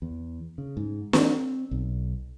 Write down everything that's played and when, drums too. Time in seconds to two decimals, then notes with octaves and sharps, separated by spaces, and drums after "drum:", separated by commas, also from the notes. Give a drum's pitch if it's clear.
0.02 E2
0.58 C#3
0.77 G#2
1.13 C4, drum: snare
1.71 B1